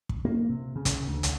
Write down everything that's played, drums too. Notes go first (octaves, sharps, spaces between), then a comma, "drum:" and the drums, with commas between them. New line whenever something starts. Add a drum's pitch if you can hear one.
drum: kick
A#3
C3
C#3
drum: kick, hi-hat
D2
C2, drum: hi-hat